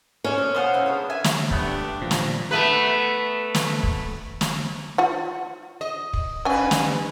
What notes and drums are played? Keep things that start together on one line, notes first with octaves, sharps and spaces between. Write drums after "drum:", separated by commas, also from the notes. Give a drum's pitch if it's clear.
C#4 G4 C5 C#5
A2
B2 B3 C5 F5 F#5 G#5
F#2 A2
D4 G#4 B4
E5 G#5
drum: snare
G2 A3 B3 D4 G4, drum: kick
A#2 F3
drum: snare
A3 B3 B4
drum: snare
drum: kick
drum: snare
F4 F#5
D#5
drum: kick
G2 C#4 B4 G#5
drum: snare